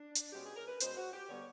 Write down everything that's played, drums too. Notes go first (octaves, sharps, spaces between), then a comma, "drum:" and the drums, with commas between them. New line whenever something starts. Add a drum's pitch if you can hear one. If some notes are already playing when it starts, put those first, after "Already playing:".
Already playing: D4
drum: hi-hat
B2 G#3 C#4 G4
G#4
A#4
B4
B2 G#3 C#4 C5, drum: hi-hat
F#4
G4
D3 G3 B3 C#5